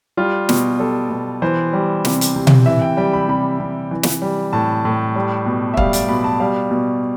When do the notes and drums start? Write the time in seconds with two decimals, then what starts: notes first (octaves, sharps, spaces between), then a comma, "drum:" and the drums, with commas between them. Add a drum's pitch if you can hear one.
0.17 G3 F4
0.49 B2, drum: snare
0.79 G3 A4
1.10 B2
1.42 E3 C5
1.73 G3
2.05 C3, drum: snare
2.21 drum: hi-hat
2.36 C3
2.47 drum: tom B2
2.66 E3 E5
2.81 G5
2.97 G3 G5
3.13 B5
3.28 C3 B5
3.60 C3
3.91 E3
4.03 drum: snare
4.22 G3
4.53 A2 A5
4.85 A2
5.16 G3
5.46 B2
5.74 E5
5.77 G3 F5, drum: kick
5.93 D5, drum: hi-hat
6.09 B2 B5
6.24 A5
6.40 G3 F5
6.71 B2